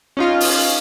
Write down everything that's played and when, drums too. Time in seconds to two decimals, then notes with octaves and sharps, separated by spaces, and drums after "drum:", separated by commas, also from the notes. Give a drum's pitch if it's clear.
0.17 C#4 D#4 F4
0.40 drum: open hi-hat